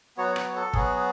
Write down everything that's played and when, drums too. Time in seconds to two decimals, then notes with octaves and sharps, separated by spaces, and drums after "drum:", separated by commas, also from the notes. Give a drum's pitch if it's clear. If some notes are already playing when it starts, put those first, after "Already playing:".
0.17 F#3 B3 F#4 C#5
0.36 C#5, drum: rim click
0.56 A4
0.73 F#3 B3 F#4 G#4, drum: kick